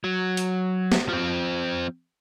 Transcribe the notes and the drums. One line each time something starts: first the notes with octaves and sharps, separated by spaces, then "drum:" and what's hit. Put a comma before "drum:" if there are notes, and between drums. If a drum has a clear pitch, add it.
F#3
drum: hi-hat
drum: snare
F3 C4